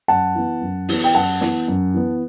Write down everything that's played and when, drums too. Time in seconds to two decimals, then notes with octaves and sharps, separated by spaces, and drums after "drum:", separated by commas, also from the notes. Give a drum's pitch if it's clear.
0.08 F#2 F#5 A5
0.35 E3 B3
0.61 F#2
0.89 E3 B3, drum: open hi-hat
1.04 G5
1.14 F#2 F#5 A5
1.41 E3 B3, drum: snare
1.68 F#2
1.94 E3 B3